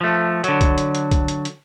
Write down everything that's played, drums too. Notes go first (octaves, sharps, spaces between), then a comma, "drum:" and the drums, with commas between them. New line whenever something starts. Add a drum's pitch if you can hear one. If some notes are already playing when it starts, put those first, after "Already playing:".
F3 A3
D3 F#3, drum: hi-hat
drum: kick C2, hi-hat
drum: hi-hat
drum: hi-hat
drum: kick C2, hi-hat
drum: hi-hat
drum: hi-hat